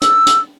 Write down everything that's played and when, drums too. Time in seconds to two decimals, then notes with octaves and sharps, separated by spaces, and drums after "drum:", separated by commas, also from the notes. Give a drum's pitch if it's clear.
0.02 E6, drum: hi-hat
0.27 drum: hi-hat